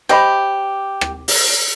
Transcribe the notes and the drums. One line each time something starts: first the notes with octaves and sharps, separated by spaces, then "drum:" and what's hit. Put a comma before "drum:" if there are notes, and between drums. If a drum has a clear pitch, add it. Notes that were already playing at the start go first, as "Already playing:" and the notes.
G4 C5 D#5 B5
drum: rim click
drum: open hi-hat